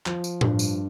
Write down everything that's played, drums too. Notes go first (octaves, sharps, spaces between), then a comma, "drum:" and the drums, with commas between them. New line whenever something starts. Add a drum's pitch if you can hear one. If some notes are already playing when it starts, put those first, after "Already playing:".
F3, drum: clap
drum: tambourine
G2, drum: tom A2
drum: tambourine